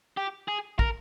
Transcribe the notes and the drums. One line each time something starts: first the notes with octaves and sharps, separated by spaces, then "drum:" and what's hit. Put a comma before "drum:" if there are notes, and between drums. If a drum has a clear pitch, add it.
G4
G#4
A#4, drum: kick